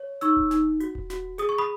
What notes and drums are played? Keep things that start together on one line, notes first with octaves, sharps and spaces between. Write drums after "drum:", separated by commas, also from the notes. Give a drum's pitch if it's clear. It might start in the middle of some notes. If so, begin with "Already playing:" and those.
Already playing: C#5
D#4 C#6 E6, drum: hi-hat
drum: kick D#1
D#4, drum: snare
F#4, drum: hi-hat
drum: kick D#1
F#4, drum: snare
G#4 D#6, drum: hi-hat
C#6
B5 D#6